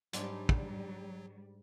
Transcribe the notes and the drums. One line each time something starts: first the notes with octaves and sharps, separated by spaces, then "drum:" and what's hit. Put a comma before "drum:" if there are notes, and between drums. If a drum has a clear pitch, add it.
G#2 F#3 G3 D4, drum: hi-hat
drum: kick